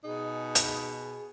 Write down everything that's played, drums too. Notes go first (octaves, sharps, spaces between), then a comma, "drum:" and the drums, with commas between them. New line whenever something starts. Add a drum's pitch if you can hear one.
B2 D#4 G#4
drum: hi-hat